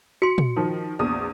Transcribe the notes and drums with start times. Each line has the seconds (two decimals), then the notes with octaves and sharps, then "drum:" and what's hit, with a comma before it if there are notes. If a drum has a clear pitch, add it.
0.22 F#4 C6 C#7
0.38 drum: tom
0.56 D#3 F3
0.99 A#1 E2 D#6